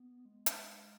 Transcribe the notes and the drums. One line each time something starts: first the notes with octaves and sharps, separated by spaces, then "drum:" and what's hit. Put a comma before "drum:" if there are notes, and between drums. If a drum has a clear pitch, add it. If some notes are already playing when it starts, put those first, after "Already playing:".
Already playing: B3
G#3
drum: hi-hat